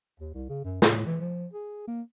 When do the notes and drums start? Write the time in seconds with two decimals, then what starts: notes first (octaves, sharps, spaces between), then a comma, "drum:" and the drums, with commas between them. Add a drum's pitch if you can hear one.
0.19 D#2
0.34 C2
0.49 C#3
0.64 F#2
0.82 A2, drum: snare
1.06 E3
1.20 F3
1.53 G#4
1.87 A#3